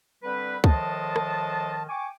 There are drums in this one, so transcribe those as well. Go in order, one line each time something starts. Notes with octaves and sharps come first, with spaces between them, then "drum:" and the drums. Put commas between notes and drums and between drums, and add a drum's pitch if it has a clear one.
D3 G3 C4 B4
A2 D#3 F3 G#3 D#5 A5, drum: kick C#2
drum: rim click
G5 G#5 C#6 D6